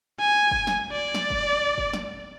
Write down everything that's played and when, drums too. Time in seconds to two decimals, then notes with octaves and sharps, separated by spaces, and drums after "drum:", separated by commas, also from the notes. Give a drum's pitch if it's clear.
0.20 G#5
0.51 drum: kick
0.67 drum: snare
0.92 D5
1.15 drum: snare
1.30 drum: kick
1.78 drum: kick
1.93 drum: snare